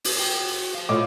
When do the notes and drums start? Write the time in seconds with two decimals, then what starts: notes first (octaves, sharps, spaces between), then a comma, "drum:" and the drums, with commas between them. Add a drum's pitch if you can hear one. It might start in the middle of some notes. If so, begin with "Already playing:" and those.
0.04 drum: open hi-hat
0.19 F#4 G5
0.75 C5 F5
0.89 A2 F4 C#5 D#5 D6